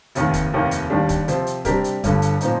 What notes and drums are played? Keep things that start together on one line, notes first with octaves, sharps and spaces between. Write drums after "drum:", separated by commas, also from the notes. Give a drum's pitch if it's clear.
F1 D#2 D#3, drum: hi-hat
drum: kick, hi-hat
F1 D#2 D#3 A#3
drum: hi-hat
D#2 D#3 G3 D4
drum: kick, hi-hat
C3 F3 C4, drum: hi-hat
drum: hi-hat
C3 G3 D4 G4 A#4, drum: kick, hi-hat
drum: hi-hat
G1 G2 D3, drum: kick, hi-hat
drum: hi-hat
A#2 F3 C4 D#4, drum: hi-hat